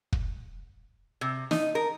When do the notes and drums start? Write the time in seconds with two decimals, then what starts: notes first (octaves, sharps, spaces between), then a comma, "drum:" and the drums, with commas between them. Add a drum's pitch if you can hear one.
0.12 drum: kick
1.21 C3
1.51 D#4, drum: snare
1.75 A#4